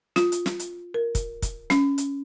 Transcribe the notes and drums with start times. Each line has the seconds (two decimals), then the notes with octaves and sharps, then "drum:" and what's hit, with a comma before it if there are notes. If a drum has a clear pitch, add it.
0.16 F4, drum: snare
0.32 drum: hi-hat
0.46 drum: snare
0.60 drum: hi-hat
0.94 A#4
1.15 drum: kick, hi-hat
1.42 drum: kick, hi-hat
1.70 C#4, drum: snare
1.98 drum: hi-hat